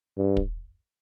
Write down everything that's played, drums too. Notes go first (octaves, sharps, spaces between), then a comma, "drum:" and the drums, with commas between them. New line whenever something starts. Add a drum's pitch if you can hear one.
G2
drum: kick